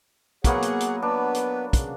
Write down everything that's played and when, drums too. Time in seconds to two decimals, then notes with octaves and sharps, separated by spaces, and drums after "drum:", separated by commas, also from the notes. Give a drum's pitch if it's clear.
0.44 F#3 A#3 B3 G#4 C#5 F#5, drum: kick, hi-hat
0.62 drum: hi-hat
0.80 drum: hi-hat
1.02 B3 D4 B4
1.35 drum: hi-hat
1.73 C#3, drum: kick, hi-hat